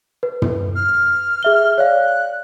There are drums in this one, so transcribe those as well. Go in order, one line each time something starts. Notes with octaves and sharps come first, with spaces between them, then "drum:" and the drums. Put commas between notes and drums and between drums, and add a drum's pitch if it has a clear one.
B4
drum: tom
F6
G#4 E5 G7
C#5 D5 F5 F#6